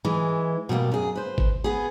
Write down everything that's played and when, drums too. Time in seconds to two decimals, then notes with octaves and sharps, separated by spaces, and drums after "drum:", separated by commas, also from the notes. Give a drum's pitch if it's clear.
0.05 E3 G#3
0.69 B2 G3 G#3 A#3
0.92 F#2 G#4
1.15 B4 C5
1.38 drum: kick G#1
1.64 B3 G#4